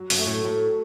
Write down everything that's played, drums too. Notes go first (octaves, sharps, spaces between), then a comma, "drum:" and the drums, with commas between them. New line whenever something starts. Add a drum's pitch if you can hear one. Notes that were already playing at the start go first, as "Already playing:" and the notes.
Already playing: F#3
F#2, drum: open hi-hat
A3
A2
A2 F#3